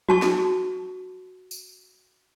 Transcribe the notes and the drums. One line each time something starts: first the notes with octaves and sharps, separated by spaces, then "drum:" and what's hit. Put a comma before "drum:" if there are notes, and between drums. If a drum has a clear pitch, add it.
F#4 A5 C#6, drum: tom F3
drum: snare
drum: tambourine